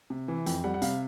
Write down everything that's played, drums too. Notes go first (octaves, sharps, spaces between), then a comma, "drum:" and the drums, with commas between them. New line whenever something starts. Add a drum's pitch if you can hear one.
C3
E3
F2 G5, drum: hi-hat
G3 F#5
F#5
C3 F5, drum: hi-hat